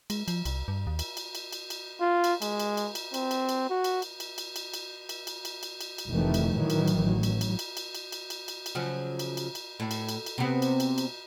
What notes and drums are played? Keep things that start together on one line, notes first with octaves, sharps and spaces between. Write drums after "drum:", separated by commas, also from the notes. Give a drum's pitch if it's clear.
G#3, drum: cymbal
F3, drum: cymbal
C2, drum: cymbal
G2
D#2
drum: cymbal
drum: cymbal
drum: cymbal
drum: cymbal
drum: cymbal
F4
drum: cymbal
G#3, drum: cymbal
drum: cymbal
drum: cymbal
drum: cymbal
C4, drum: cymbal
drum: cymbal
drum: cymbal
F#4
drum: cymbal
drum: cymbal
drum: cymbal
drum: cymbal
drum: cymbal
drum: cymbal
drum: cymbal
drum: cymbal
drum: cymbal
drum: cymbal
drum: cymbal
drum: cymbal
F1 D#3 E3 A3
drum: cymbal
A2 D#3 E3 F#3
drum: cymbal
drum: cymbal
A1 F#3
drum: cymbal
drum: cymbal
drum: cymbal
drum: cymbal
drum: cymbal
drum: cymbal
drum: cymbal
drum: cymbal
drum: cymbal
C#3 F3 F#3
drum: cymbal
drum: cymbal
drum: cymbal
A2
drum: cymbal
drum: cymbal
drum: cymbal
C3 B3
drum: cymbal
drum: cymbal
drum: cymbal